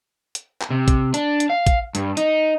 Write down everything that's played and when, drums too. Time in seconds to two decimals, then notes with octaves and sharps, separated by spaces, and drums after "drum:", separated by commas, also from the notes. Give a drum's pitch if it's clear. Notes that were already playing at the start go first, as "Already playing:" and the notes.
0.35 drum: hi-hat
0.61 drum: clap
0.71 C3
0.88 drum: kick, hi-hat
1.14 D4, drum: hi-hat
1.40 drum: hi-hat
1.50 F5
1.67 drum: kick, hi-hat
1.95 G2, drum: hi-hat
2.17 D#4, drum: hi-hat